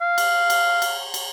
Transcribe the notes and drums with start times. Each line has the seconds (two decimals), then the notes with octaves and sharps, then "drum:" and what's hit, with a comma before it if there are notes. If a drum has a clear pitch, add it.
0.01 F5
0.18 drum: cymbal
0.50 drum: cymbal
0.82 drum: cymbal
1.14 drum: cymbal